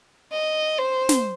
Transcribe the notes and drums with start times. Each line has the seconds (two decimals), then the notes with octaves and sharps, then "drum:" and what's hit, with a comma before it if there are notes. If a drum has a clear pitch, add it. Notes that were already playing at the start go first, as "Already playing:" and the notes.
0.33 D#5
0.78 C5
1.09 drum: snare